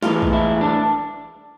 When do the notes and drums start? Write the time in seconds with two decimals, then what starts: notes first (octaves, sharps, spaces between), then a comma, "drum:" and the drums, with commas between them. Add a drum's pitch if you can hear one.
0.03 A2 E3 G#3 F4, drum: snare
0.22 drum: kick A#1
0.33 E4
0.61 D4